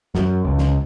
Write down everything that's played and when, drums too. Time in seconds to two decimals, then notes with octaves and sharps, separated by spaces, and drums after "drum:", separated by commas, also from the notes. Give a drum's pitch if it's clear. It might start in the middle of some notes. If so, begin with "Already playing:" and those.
0.15 F#2, drum: snare
0.45 C#2
0.59 drum: snare